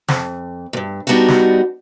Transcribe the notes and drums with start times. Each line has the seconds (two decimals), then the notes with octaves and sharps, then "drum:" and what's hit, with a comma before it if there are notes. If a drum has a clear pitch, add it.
0.08 F2, drum: snare
0.73 D2 G2
1.07 G3 B3 D4 D#4 F#4
1.28 drum: snare